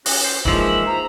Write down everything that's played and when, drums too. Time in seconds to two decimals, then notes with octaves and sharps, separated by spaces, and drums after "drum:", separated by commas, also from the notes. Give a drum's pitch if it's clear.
0.06 C#4 F#4, drum: open hi-hat
0.24 C5
0.45 E3 F3 G#3 A#3 D#4 E5 F#7, drum: kick D1
0.86 C5 A#5